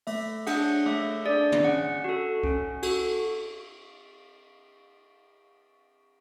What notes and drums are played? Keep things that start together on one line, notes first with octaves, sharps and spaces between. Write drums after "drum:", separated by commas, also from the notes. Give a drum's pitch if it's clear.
A3 E5, drum: open hi-hat
D4 G#4 F#5, drum: cymbal
A3 E5
D4 G#4 D5
drum: tom
C#4 F#5
F#4 A4
C#4, drum: kick C#2
F#4 A4, drum: cymbal